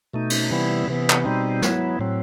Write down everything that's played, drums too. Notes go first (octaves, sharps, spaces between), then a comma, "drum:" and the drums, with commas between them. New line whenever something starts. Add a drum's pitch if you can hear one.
B2 A3 D#4
drum: cymbal
C3 E3 G3 B3 E4
C3 E3 B3
drum: clap
B2 G3 C4 D#4
F#3 B3 E4, drum: snare
A2 F#3 C4